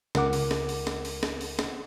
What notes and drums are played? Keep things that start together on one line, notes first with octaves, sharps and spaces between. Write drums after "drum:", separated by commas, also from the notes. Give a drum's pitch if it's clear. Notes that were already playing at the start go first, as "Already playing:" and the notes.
C#2 A#4 F#5 D6, drum: snare
drum: open hi-hat
drum: snare
drum: open hi-hat
drum: snare
drum: open hi-hat
drum: snare
drum: open hi-hat
drum: snare